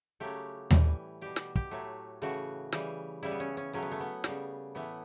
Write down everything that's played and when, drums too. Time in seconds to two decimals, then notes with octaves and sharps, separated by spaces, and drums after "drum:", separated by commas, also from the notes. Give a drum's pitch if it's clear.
0.20 C#3 F#3 A3 G4
0.71 A2 E3 G3, drum: tom D#2
1.21 B2 G3 G4
1.36 drum: snare
1.56 G4, drum: kick
1.71 A2 F#3 A3
2.22 C#3 E3 A3 F#4
2.72 C#3 E3 G3, drum: snare
3.23 C#3 G3 E4
3.32 B3
3.40 C#4
3.57 C#4
3.73 C#3 F#3 A3 C#4
3.83 B3
3.92 A3
4.00 B3
4.24 C#3 G3, drum: snare
4.75 A2 E3 A3 B3